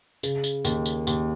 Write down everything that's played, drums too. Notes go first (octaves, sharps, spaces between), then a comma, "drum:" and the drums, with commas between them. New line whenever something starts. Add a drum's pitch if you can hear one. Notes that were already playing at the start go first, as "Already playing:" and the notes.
C#3, drum: tambourine
drum: tambourine
D#2, drum: tambourine
drum: tambourine
D#2, drum: tambourine